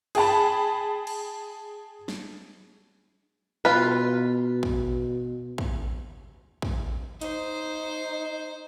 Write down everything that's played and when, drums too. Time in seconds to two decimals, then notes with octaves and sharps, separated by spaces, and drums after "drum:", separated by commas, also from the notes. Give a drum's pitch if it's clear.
0.15 G#4 G5 A5 B5, drum: cymbal
1.07 drum: cymbal
2.08 drum: snare
3.65 B2 F4 B4
4.63 drum: kick
5.58 drum: kick
6.62 drum: kick
7.21 D#4 C5, drum: hi-hat